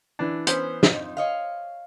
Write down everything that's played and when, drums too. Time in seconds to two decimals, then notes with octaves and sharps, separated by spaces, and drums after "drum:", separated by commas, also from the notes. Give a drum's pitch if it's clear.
0.19 E3 D4
0.47 E3 B3 C#4 C5, drum: hi-hat
0.83 F2 D#4, drum: snare
1.17 C#5 D#5 F5